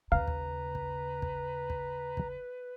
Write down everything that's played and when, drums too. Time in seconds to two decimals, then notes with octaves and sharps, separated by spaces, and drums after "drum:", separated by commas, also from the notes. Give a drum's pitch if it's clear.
0.12 D#2 C#3 B4 F5 A#5
0.28 drum: kick
0.75 drum: kick
1.22 drum: kick
1.70 drum: kick
2.17 drum: kick